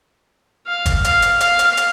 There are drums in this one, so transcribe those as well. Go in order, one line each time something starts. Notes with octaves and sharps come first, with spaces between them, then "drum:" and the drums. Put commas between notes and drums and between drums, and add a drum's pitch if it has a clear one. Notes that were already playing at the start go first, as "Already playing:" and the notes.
F5
drum: kick, hi-hat
F5, drum: hi-hat
drum: hi-hat
F5, drum: hi-hat
drum: hi-hat
drum: hi-hat